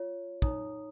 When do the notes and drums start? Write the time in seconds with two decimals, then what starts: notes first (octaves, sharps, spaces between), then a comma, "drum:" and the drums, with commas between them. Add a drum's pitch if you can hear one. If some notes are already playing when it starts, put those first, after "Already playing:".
Already playing: F4 C#5
0.42 D#4 C#5 A#5 D#6, drum: kick